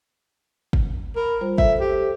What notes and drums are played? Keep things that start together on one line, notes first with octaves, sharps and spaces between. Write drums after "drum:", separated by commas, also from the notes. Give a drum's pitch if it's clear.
drum: kick
A#4 B5
G3 F4 C5
A4 C5 E5, drum: kick
G4